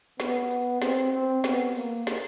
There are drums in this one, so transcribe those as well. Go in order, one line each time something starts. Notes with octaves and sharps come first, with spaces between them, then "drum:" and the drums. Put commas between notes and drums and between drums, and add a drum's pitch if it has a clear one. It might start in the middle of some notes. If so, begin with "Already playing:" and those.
B3, drum: snare
drum: hi-hat
C4, drum: snare
C4
B3, drum: snare
A#3, drum: open hi-hat
drum: snare